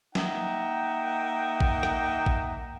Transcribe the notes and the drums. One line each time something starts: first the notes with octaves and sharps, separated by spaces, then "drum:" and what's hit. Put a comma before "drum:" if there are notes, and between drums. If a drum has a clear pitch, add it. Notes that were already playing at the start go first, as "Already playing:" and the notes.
A#3 D#4 D#5 E5 F#5 G5, drum: snare
drum: kick A1
drum: rim click
drum: kick A1